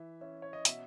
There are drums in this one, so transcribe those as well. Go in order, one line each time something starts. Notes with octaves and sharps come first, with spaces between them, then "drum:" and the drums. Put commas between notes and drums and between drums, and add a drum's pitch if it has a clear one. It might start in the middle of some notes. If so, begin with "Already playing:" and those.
Already playing: E3 E5
C#4 E5
C#5
D#5
B2 E5, drum: hi-hat